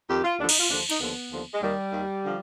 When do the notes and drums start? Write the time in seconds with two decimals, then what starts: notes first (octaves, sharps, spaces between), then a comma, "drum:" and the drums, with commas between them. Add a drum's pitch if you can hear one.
0.09 F2 D#3 G4
0.23 F4
0.38 D#2 D3 F3 D4
0.49 D#4, drum: cymbal
0.59 F4
0.69 D#2 D3 F3 D4
0.90 D#4, drum: cymbal
0.99 D#2 D3 F3 B3
1.31 D#2 D3 F3
1.52 G#3
1.61 D#2 D#3 G3
1.91 D#2 D#3
2.24 D3 F3